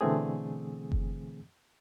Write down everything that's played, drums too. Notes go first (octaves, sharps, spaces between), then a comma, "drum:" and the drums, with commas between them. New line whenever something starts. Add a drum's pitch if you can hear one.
B2 D3 E3 A3 C4 G#4
drum: kick F#1